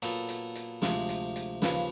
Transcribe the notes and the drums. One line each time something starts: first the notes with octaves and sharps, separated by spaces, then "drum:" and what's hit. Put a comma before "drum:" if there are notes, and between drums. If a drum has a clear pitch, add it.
A#2 F#3 B3 A4, drum: hi-hat
drum: hi-hat
drum: hi-hat
D2 C3 F3 G#3, drum: snare
drum: hi-hat
drum: hi-hat
D#2 C#3 F3 B4, drum: snare